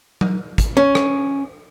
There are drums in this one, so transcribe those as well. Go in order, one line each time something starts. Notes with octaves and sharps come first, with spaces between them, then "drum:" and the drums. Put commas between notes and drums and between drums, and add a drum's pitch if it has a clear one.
drum: tom F#3
drum: kick, hi-hat
C#4
drum: rim click